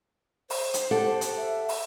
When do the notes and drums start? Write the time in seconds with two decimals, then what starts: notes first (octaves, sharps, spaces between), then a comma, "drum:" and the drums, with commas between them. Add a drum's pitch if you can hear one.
0.50 C5, drum: open hi-hat
0.74 drum: hi-hat
0.91 G4 A4 F#5
1.21 drum: hi-hat
1.37 E5
1.69 drum: open hi-hat